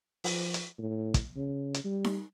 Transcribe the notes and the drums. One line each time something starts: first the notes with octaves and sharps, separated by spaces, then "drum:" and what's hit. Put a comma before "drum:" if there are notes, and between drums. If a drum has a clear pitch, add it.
F3, drum: open hi-hat
drum: hi-hat
A2
drum: kick, hi-hat
C#3
drum: hi-hat
G3
drum: snare D#4